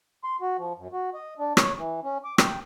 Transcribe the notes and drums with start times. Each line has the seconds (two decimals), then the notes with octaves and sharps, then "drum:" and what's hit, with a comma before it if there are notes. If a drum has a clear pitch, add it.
0.24 C6
0.41 F#4
0.58 F3
0.77 F#2
0.92 F#4
1.14 D#5
1.39 D4
1.57 C#5, drum: rim click
1.77 E3
2.03 C#4
2.25 D6
2.38 G5, drum: rim click